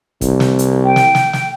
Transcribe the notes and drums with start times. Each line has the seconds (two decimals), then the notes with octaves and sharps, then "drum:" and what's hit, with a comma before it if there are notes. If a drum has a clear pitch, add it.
0.21 C2, drum: kick, hi-hat
0.40 drum: snare
0.59 drum: hi-hat
0.85 G5
0.96 drum: snare
1.15 drum: snare
1.33 drum: snare